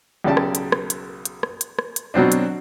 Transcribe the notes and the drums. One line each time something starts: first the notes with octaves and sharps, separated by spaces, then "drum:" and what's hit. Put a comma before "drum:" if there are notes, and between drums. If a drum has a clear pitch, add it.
B1 C#3 G4 D5 A5
drum: rim click
drum: hi-hat
drum: rim click
drum: hi-hat
drum: hi-hat
drum: rim click
drum: hi-hat
drum: rim click
drum: hi-hat
B2 F#3 C4 D4
drum: hi-hat